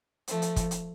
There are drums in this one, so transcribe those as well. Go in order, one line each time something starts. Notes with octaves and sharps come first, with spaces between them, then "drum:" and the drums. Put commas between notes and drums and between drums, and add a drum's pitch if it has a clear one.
F3 A3, drum: hi-hat
drum: hi-hat
drum: kick, hi-hat
drum: hi-hat